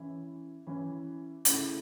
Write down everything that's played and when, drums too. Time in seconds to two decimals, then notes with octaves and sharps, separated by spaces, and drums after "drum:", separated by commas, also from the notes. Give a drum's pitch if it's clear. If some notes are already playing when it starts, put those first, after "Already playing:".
Already playing: E3 C#4 E4
0.67 E3 C#4 E4
1.45 C#3 A3 E4, drum: hi-hat